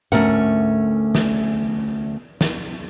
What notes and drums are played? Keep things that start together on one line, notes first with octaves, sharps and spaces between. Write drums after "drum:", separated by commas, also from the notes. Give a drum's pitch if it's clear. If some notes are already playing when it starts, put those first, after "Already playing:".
D2 F3 A3 C#4 A#4 F#5, drum: tom G#2
drum: snare
drum: snare